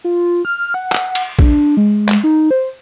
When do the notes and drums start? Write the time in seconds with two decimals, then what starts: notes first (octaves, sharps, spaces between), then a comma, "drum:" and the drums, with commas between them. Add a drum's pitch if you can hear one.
0.04 F4
0.45 F6
0.74 F#5
0.92 drum: clap
1.15 drum: cymbal
1.39 D4, drum: kick A#1
1.77 G#3
2.09 drum: clap
2.24 D#4
2.51 C5